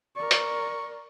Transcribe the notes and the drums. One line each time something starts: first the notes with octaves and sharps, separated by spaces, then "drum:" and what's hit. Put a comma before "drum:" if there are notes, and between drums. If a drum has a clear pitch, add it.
A#4 D5 C#6
drum: hi-hat